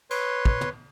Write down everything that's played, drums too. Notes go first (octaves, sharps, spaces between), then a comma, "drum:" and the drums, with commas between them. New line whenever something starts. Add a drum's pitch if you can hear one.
B4 C#5 C6, drum: cymbal
drum: kick
drum: tom